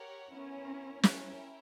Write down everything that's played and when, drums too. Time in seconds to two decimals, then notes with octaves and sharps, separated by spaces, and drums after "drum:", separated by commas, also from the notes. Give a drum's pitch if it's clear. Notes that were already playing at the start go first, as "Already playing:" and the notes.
Already playing: G4 A#4 C#5 F#5
0.30 B3 C#4 E4 A#4
1.03 C#4 E4 A#4 C#5 E5 G5, drum: snare